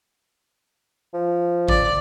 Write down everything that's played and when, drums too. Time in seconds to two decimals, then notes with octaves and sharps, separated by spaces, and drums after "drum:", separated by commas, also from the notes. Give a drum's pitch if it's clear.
1.14 F3
1.68 D5, drum: kick G#1